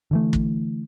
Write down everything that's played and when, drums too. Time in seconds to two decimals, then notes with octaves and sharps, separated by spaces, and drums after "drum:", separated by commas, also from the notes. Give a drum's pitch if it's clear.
0.11 D3 E3 A3
0.33 drum: kick